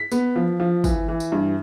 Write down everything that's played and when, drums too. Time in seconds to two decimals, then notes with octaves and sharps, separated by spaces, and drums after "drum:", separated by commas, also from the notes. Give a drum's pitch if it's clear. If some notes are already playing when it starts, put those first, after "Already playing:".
Already playing: B6
0.12 B3, drum: tambourine
0.36 F3
0.60 F3
0.84 E3, drum: kick, tambourine
1.08 E3
1.20 drum: tambourine
1.32 G2